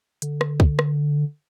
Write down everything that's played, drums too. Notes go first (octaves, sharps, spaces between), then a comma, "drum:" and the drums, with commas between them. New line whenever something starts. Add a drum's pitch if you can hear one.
D3, drum: hi-hat
drum: rim click
drum: kick
drum: rim click